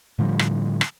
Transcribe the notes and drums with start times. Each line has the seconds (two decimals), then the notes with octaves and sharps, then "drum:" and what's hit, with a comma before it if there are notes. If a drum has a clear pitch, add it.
0.19 A2 D3 F3 G3
0.39 drum: rim click
0.81 drum: rim click